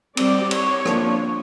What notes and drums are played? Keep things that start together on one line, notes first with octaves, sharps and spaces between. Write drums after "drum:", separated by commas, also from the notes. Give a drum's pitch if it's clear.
G3 C4 D5, drum: cymbal
C#5, drum: cymbal
F3 A#3 D4, drum: rim click